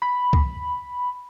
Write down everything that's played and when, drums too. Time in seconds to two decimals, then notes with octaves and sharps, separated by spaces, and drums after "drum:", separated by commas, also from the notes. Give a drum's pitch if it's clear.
0.02 B5
0.33 drum: kick C#2